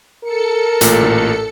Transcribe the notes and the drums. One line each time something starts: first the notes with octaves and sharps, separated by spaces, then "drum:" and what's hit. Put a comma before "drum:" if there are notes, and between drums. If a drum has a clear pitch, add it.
A4 A#4 C#7
A1 A#2, drum: hi-hat
drum: tom A2